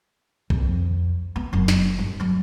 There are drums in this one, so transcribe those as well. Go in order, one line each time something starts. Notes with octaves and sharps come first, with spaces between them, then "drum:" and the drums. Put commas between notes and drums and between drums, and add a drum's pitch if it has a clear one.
F2, drum: kick B1
B3
F#1 F#2
drum: snare
G2
D2 F#3